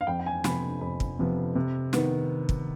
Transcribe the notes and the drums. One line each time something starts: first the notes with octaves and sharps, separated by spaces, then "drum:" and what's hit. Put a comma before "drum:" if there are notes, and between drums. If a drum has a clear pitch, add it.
F5
F2 G5
G5
G#5
C3 F3 B3 B5, drum: snare
F2 B5
drum: kick
C3 F3 B3
C3
D#3 B3, drum: snare
drum: kick